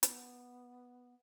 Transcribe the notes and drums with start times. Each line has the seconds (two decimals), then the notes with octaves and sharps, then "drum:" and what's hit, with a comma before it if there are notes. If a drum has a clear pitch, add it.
0.03 B3, drum: hi-hat